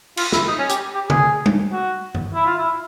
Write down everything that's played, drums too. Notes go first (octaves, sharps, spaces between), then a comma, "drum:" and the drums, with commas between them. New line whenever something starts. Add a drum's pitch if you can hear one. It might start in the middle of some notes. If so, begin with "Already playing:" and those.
F4, drum: cymbal
E4, drum: snare
D#4
C#4
G4, drum: hi-hat
G4
G#4, drum: tom
drum: tom G3
F#4
drum: tom
E4
F4
E4